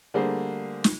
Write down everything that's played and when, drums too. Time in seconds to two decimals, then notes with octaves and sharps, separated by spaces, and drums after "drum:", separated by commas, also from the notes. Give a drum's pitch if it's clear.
0.14 D3 G3 A3 A#3 G#4 C5
0.84 drum: snare